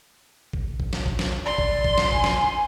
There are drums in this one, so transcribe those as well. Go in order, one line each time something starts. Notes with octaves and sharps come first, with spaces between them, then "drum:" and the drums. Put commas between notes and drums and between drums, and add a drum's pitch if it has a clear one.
drum: kick
drum: kick
drum: snare
drum: kick
drum: snare
D5 C6
drum: kick
drum: kick
drum: snare
G#5, drum: kick
drum: snare